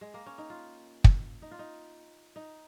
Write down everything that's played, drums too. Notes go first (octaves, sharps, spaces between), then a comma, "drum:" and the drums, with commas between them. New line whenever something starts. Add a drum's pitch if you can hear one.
G#3
A#3
C#4
D#4
F4
drum: kick
D#4
F4
D#4
D#4